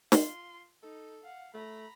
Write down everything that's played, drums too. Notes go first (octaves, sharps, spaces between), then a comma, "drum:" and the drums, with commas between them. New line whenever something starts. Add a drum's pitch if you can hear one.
F4 C6, drum: snare
D#4 A4
F5 F#5
A3 A#5 B5